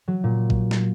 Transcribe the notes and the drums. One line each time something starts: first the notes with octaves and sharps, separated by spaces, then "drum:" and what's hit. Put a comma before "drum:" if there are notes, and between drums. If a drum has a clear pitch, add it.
F#3
A#2
drum: kick A#1
drum: snare